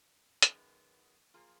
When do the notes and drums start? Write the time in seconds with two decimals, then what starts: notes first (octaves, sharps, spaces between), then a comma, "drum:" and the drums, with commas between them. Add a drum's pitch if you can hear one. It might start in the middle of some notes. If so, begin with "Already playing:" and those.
0.42 F#2 D#3 G#3 B3, drum: hi-hat
1.34 F3 A#3 F4 G#4